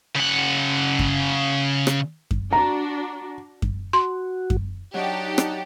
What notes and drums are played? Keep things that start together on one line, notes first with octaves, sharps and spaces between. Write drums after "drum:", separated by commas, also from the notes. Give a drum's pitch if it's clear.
C#3 F#5
drum: kick F#2
drum: rim click
drum: kick F#2
D4 F#4 A#5
drum: kick F#2
F#4 C6
drum: kick F#2
F#3 D4 D#4 G4 F#5 A5
drum: rim click